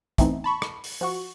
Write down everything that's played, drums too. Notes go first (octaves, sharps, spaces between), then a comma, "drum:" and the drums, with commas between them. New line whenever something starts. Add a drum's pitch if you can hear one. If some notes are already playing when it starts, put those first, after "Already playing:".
E3 A3 B3 C4 D#4, drum: kick, hi-hat
A5 B5 C#6
drum: rim click
drum: open hi-hat
F3 F#4 C#6